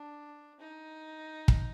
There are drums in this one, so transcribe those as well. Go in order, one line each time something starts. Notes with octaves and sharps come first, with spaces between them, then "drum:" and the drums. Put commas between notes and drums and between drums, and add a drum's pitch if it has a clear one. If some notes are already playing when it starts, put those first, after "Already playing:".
Already playing: D4
D#4
drum: kick